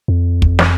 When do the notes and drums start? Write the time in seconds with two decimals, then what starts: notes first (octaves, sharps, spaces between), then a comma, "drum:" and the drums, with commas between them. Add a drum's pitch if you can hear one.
0.08 F2
0.42 drum: kick
0.59 drum: snare